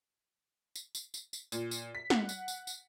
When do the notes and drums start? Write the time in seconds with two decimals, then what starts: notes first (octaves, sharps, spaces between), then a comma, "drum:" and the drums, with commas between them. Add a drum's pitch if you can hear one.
0.76 drum: tambourine
0.95 drum: tambourine
1.14 drum: tambourine
1.33 drum: tambourine
1.52 A#2, drum: tambourine
1.71 drum: tambourine
1.95 B6
2.10 F#5, drum: snare
2.29 drum: tambourine
2.48 drum: tambourine
2.67 drum: tambourine